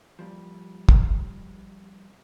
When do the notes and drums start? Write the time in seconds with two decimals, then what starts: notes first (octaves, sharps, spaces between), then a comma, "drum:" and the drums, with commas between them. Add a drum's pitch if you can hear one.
0.19 F3 G3 A#3
0.89 drum: kick